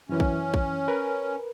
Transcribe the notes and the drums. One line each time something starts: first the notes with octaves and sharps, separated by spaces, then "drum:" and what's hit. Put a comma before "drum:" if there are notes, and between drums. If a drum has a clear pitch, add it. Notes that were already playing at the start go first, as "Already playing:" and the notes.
F#2 E3 C#4
drum: kick
drum: kick
A#4 B4